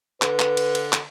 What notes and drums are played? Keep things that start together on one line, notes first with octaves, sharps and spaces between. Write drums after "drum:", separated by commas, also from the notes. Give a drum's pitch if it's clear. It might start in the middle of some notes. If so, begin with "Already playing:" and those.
D3 B4, drum: clap
drum: clap
drum: cymbal
drum: cymbal
drum: clap